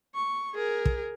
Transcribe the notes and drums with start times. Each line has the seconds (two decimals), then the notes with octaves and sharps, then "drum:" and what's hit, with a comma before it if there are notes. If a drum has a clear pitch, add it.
0.15 C#6
0.55 G#4 A#4
0.85 drum: kick